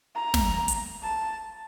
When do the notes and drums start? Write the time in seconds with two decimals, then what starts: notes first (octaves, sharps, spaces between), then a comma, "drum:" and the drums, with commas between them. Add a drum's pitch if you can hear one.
0.15 A#5
0.34 drum: snare
0.68 drum: hi-hat
1.03 A5